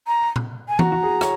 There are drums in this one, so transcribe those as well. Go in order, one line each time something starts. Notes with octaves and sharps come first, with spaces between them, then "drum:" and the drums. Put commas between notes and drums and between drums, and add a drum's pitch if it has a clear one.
A#5
drum: tom A#2
G#5
F#4 A#5, drum: tom E3
F#4
G#4
C#5, drum: rim click